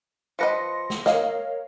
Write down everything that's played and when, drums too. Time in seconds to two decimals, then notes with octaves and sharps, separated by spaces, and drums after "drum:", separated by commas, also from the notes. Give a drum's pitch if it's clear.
0.39 F3 B4 D#5 C6 A#6 C#7
0.90 drum: snare
1.06 A#4 C#5 D#5 F5, drum: snare